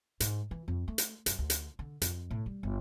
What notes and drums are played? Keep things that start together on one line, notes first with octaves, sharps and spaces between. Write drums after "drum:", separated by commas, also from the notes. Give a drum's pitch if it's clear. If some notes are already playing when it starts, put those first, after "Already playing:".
G#2, drum: hi-hat
E3
F2
A3
drum: hi-hat
F#2, drum: hi-hat
D2
drum: hi-hat
D3
F2, drum: hi-hat
A2
G3
G1